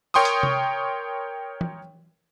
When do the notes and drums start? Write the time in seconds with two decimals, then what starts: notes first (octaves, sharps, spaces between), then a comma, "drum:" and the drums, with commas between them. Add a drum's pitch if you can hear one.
0.14 A#4 C#5 G5 C6 C#6 D#6
0.25 drum: hi-hat
0.43 drum: tom C3
1.61 drum: tom